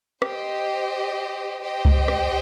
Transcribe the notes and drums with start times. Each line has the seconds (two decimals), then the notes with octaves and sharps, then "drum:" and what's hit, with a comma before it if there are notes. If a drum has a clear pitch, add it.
0.22 G4 C5 D#5, drum: rim click
1.62 G4 C5 D#5 G5
1.85 drum: kick C#2
2.08 drum: rim click